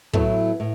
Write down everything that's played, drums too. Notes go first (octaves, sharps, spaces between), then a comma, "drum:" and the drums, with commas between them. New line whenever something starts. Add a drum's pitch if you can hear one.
A2 F#3 B3 E4 A4, drum: kick
A2